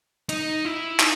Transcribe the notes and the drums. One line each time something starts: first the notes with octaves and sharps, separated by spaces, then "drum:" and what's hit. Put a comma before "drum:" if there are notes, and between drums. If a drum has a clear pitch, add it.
D#4, drum: hi-hat
E4
D#4, drum: clap